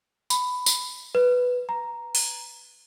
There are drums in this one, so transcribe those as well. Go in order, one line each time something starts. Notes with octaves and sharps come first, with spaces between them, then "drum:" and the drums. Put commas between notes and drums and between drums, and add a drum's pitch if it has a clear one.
B5, drum: tambourine
drum: tambourine
B4
A#5
drum: open hi-hat